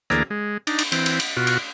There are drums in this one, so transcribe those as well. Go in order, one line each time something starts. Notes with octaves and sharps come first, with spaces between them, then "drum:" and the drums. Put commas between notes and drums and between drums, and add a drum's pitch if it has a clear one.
D2 E3 A#3 G#4 D5 A#5, drum: rim click
G#3
D4 D#4, drum: cymbal
drum: cymbal
E3 C4, drum: cymbal
drum: cymbal
drum: cymbal
B2 F4 F#4
drum: cymbal